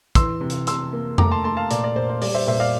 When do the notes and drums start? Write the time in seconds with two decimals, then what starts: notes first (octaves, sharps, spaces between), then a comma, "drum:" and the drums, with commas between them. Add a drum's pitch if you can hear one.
0.15 E3 C6 E6, drum: kick, hi-hat
0.41 C3
0.50 drum: hi-hat
0.67 C3 C6 E6, drum: hi-hat
0.93 A#3
1.18 A3 A#5 D6, drum: tom F2
1.31 A5 C6
1.44 A3 A5 C6
1.57 F5 A5
1.71 A#2 D5, drum: hi-hat
1.84 D5
1.96 A#2 C5
2.09 C5
2.22 G3 D5, drum: open hi-hat
2.34 C5 E5
2.47 A#2 C5 E5
2.60 D5 F5